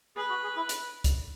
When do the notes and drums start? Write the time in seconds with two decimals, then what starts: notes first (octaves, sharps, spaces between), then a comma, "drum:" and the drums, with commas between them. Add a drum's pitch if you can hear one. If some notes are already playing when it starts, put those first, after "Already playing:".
0.16 G#4 B4
0.30 F#4
0.43 G#4
0.56 E4
0.69 drum: hi-hat
1.04 drum: kick, hi-hat